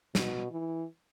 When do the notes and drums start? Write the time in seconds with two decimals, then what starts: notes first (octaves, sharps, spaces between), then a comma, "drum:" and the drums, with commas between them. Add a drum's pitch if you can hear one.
0.15 B2, drum: snare
0.51 E3